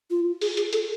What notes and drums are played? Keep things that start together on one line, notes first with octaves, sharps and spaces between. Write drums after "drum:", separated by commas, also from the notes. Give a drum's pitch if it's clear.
F4
G#4, drum: open hi-hat
G#4, drum: hi-hat
A4, drum: hi-hat